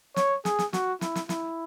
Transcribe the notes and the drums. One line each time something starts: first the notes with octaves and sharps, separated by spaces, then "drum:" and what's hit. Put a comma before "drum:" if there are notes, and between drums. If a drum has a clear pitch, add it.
C#5, drum: snare
G#4, drum: snare
drum: snare
F#4, drum: snare
E4, drum: snare
drum: snare
E4, drum: snare